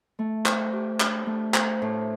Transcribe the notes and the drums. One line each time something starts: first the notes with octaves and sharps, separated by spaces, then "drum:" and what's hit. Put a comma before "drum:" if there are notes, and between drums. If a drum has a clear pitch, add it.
A3
C5, drum: clap
G4
D4, drum: clap
A3
C5, drum: clap
A2